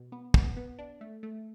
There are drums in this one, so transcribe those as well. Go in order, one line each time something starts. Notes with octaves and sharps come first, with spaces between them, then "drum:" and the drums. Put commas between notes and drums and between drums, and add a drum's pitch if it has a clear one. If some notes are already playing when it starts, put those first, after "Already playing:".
Already playing: B2
B3
B3, drum: kick
B3
D4
A3
A3